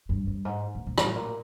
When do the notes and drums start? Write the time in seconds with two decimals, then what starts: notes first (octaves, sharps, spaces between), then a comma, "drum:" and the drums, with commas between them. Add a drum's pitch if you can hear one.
0.09 G2
0.27 G2
0.45 G#2
0.75 A#2
0.87 A#2
0.98 A2, drum: rim click
1.16 A#2